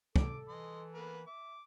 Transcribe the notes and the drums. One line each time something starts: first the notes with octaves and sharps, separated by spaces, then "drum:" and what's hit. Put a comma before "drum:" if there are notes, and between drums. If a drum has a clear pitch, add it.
A4 D6, drum: kick
E3 D#5 C6
A#3 B3 B4
E5 D6